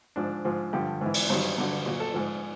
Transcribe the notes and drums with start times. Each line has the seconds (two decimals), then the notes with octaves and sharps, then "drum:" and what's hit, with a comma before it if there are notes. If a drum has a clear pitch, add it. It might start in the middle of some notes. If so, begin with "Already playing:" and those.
0.16 G#2 F3 D4
0.45 G#2 F3
0.73 G2 D3 F3 G4
1.01 G#2 E3
1.14 drum: cymbal
1.29 G2 D#3 F#3 C5
1.58 G2 D3 F#3
1.86 A#2 F#3
2.00 A4
2.14 G#2 F3